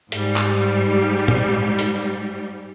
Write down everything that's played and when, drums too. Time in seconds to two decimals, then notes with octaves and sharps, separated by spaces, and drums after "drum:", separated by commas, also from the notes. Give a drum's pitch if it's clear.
0.12 G#2 G3, drum: hi-hat
0.36 drum: clap
1.28 drum: tom
1.79 drum: hi-hat